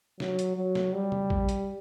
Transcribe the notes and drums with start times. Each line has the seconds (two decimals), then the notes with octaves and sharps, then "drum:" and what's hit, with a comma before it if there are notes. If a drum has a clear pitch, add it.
0.20 F#3, drum: snare
0.39 drum: hi-hat
0.57 F#3
0.75 drum: snare
0.94 G3
1.12 drum: tom C#3
1.30 drum: kick
1.49 drum: hi-hat